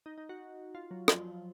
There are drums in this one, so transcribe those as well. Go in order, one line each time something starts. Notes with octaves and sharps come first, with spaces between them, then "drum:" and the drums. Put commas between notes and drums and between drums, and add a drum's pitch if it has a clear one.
D#4
D#4
F#4
F4
F#3
F3, drum: rim click